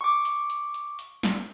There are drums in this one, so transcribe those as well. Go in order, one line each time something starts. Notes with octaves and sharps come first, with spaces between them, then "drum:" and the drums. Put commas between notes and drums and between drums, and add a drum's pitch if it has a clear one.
C#6 D6
drum: hi-hat
drum: hi-hat
drum: hi-hat
drum: hi-hat
drum: snare